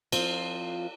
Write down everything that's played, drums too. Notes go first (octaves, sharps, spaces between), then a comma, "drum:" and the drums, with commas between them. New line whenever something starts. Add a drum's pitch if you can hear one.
F3 C4 F4, drum: cymbal